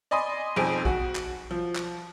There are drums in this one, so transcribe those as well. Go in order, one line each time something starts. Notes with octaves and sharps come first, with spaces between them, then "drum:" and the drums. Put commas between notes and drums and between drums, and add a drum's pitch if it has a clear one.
D5 D#5 G#5 B5 C6 D#6
B1 F2 G#4 C5 G#5 D7
F#4, drum: kick A#1
drum: clap
F3
drum: clap